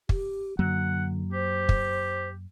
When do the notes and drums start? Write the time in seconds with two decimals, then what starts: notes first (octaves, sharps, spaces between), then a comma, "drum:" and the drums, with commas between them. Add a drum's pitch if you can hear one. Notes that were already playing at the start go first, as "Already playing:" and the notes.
0.09 G4, drum: kick
0.59 F#2 D3 F#3 A#3 F#5
1.32 G4 C5
1.69 drum: kick